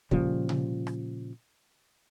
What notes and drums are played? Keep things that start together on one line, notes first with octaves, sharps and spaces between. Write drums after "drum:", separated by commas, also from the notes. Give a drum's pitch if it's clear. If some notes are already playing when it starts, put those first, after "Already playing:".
A#2 C#3 F3 G3, drum: kick
drum: tom C3
drum: rim click